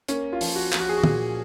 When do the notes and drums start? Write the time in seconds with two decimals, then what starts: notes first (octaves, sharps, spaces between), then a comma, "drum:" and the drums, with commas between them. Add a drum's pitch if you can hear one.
0.08 A#3 C#4, drum: hi-hat
0.33 F4
0.41 F3, drum: open hi-hat
0.56 F#4
0.72 F3, drum: clap
0.80 F#4
0.89 G#4
0.98 F#4
1.04 A#2, drum: tom